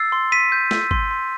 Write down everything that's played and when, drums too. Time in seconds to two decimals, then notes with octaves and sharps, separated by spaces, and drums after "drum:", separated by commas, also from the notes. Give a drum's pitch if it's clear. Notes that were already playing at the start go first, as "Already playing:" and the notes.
Already playing: E6 A6 C7
0.12 C6
0.32 C6 B6 D#7
0.52 G6
0.71 E6, drum: snare
0.91 C6, drum: kick
1.11 C6